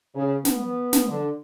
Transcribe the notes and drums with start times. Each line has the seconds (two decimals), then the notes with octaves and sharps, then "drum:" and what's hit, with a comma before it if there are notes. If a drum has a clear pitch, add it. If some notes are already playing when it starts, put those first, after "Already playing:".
0.15 C#3
0.45 B3, drum: snare
0.93 drum: snare
1.08 D3